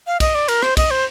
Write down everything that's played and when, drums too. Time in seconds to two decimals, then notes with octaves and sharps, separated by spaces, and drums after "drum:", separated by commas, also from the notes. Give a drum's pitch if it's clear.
0.07 F5
0.20 D#5, drum: kick, cymbal
0.35 D5
0.48 A#4, drum: cymbal
0.63 C5, drum: rim click
0.77 D#5, drum: kick, cymbal
0.91 C5